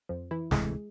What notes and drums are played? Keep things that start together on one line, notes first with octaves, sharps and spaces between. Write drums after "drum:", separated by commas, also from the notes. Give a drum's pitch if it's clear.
F2 F3
E3 E4
D2 C3 E3 G#3 A3 G#4, drum: snare